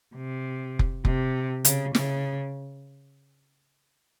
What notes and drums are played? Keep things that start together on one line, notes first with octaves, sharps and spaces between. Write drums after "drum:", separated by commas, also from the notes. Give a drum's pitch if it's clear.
C3
drum: kick F1
C3, drum: kick F1
C#3, drum: hi-hat
C#3, drum: snare